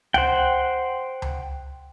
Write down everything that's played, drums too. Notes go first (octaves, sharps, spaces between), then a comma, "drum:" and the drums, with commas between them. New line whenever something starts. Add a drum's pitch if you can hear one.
C5 F#5 G5, drum: tom C#2
drum: tom C#2